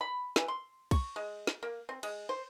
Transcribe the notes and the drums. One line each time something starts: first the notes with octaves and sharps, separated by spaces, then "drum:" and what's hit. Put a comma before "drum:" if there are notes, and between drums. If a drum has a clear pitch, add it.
B5
E3, drum: snare
C6
C#6, drum: kick, cymbal
G#3
drum: snare
A#3
C4
G#3, drum: cymbal
C5